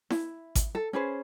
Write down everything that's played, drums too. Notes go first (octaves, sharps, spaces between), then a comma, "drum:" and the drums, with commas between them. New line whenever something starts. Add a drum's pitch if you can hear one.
E4, drum: snare E4
drum: kick G#1, hi-hat
A4
C#4 G#4 B4 C5